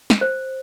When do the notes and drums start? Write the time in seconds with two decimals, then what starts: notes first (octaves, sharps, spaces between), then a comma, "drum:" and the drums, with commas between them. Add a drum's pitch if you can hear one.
0.10 drum: snare
0.21 C5